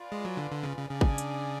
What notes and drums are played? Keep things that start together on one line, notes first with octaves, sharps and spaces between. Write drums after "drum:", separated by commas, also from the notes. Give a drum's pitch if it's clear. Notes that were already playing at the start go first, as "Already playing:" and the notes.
Already playing: F4 B4 D5 F5 G#5
G#3
F#3
D3
D3
C#3
C#3
C#3 D4 G#4 D5 G#5
drum: kick
drum: hi-hat